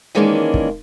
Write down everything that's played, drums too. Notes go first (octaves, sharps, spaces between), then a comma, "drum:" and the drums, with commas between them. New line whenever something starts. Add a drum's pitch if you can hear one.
D#3 E3 G#3 A#3 C#4 D4
drum: kick